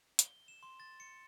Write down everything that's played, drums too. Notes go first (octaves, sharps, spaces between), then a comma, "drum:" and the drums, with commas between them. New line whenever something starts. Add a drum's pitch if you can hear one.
G7, drum: hi-hat
E7
C6
A6
C#7